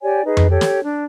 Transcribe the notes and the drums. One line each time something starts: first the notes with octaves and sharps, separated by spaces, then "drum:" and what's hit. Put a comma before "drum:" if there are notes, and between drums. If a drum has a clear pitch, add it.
G4 C#5 D5 G#5
D#4 G#4 B4
drum: tom F2
G4 A4 C#5
drum: snare
D4